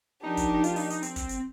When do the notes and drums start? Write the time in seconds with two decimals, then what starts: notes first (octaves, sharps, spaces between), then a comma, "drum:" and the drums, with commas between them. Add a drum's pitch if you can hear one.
0.23 F3 A#3 D4 D#4 G4
0.37 drum: kick, hi-hat
0.54 D#4
0.64 F4, drum: hi-hat
0.76 D#4, drum: open hi-hat
0.90 D#4, drum: hi-hat
1.03 C4, drum: hi-hat
1.16 drum: kick, hi-hat
1.29 drum: hi-hat